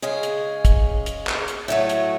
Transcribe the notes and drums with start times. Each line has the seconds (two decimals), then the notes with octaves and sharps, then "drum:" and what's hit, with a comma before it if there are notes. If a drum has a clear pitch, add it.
0.02 C#3 G#3 C#4 G#4
0.23 drum: hi-hat
0.65 drum: kick, hi-hat
1.06 drum: hi-hat
1.27 drum: clap
1.48 drum: hi-hat
1.68 A2 F#3 A3
1.89 drum: hi-hat